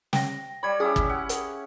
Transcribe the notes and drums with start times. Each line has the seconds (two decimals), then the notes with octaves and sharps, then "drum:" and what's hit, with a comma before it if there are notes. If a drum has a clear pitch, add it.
0.13 G5 A#6, drum: snare
0.63 G3 C#5 B5 G#6
0.80 C#4 E4 G4 G#4 D#6
0.96 drum: kick
1.09 F#5
1.29 drum: hi-hat